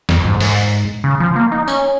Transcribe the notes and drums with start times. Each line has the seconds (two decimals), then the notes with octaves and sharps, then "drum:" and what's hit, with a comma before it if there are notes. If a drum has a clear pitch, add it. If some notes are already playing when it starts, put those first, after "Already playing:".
0.09 F2, drum: snare
0.25 G#2
0.40 G#2, drum: open hi-hat
1.04 C#3
1.20 F3
1.36 A#3
1.52 D#4
1.68 C#4, drum: tambourine